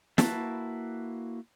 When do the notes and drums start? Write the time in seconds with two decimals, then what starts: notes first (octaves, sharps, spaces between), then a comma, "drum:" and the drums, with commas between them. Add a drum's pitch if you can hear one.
0.18 A#3 E4 F#4 B4 A5, drum: snare